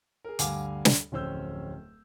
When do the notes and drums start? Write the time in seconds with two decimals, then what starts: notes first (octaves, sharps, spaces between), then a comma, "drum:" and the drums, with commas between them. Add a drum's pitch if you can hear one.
0.24 G#4 A#4
0.39 D2 G2 F5 F#5 G#5 D6, drum: hi-hat
0.85 drum: snare
1.12 D1 F2 C#4 C5 E6 G6